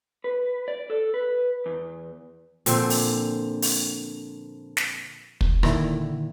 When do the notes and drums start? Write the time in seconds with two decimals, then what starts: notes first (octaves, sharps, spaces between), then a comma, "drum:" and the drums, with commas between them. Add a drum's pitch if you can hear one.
0.24 B4
0.68 D5
0.90 A4
1.14 B4
1.66 E2
2.66 A#2 D3 F3 C4, drum: hi-hat
2.90 drum: open hi-hat
3.62 drum: open hi-hat
4.77 drum: snare
5.41 drum: kick
5.63 A#2 D3 D#3 E4, drum: rim click